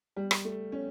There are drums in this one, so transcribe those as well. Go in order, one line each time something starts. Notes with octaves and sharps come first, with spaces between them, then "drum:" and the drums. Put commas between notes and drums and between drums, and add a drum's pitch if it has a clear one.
G3
drum: rim click
A3
C#4